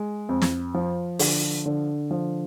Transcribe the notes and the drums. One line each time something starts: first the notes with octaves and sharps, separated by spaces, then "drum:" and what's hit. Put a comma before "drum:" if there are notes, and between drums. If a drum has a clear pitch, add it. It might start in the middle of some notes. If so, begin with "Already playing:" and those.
Already playing: G#3
F2
drum: snare
F3
D3, drum: open hi-hat
D3
F3